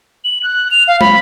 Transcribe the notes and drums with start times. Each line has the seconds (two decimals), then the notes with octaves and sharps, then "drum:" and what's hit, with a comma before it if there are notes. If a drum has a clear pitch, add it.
0.24 F#7
0.43 F#6
0.71 F7
0.88 F5
1.01 B5, drum: tom